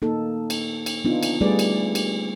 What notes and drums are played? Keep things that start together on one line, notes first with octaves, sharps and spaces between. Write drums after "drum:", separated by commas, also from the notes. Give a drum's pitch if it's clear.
A#3 D#4 A4
drum: cymbal
drum: cymbal
B3 D4 D#4 F4
drum: cymbal
G3 A3 G#4 B4 D5
drum: cymbal
drum: cymbal